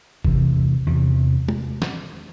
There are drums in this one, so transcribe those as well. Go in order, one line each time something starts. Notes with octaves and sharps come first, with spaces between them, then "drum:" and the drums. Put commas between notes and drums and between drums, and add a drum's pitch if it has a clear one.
E2 C3 E3, drum: kick G1
E2 C3 E3
drum: tom G#3
drum: snare